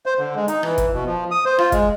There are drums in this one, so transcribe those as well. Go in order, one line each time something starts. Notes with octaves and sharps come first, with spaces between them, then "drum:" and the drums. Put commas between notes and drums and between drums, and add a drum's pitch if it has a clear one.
C5
D3
G#3
D#4, drum: hi-hat
E3, drum: rim click
drum: kick, hi-hat
B2
F3
D#6
C5
F4, drum: rim click
G#3, drum: kick, hi-hat